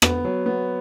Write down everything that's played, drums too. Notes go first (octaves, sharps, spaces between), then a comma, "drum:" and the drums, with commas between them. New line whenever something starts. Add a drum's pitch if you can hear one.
B3, drum: rim click
F#3
B3